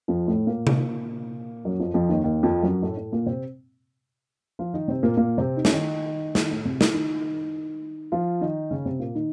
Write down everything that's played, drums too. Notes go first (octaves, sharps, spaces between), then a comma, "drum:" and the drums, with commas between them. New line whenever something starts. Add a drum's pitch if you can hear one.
F2 F3
A2 A3
A#2 A#3
drum: tom C3
F#2 F#3
F2 F3
F2 F3
D#2 D#3
D#2 D#3
F2 F3
F#2 F#3
A2 A3
A2 A3
A#2 A#3
C3 C4
F3 F4
D#3 D#4
C3 C4
A#2 A#3
A#2 A#3
C3 C4
D#4
C#4, drum: snare
D#3 D#4
D#3 D#4, drum: snare
A2 A3
C3 C4
drum: snare
D#3 D#4
F3 F4
D#3 D#4
C#3 C#4
C3 C4
A#2 A#3
D#3 D#4